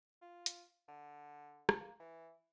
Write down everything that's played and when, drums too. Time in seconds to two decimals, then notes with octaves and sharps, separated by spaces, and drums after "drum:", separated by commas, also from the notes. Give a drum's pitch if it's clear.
0.22 F4
0.46 drum: hi-hat
0.88 D3
1.69 drum: rim click
1.80 A#3
2.00 E3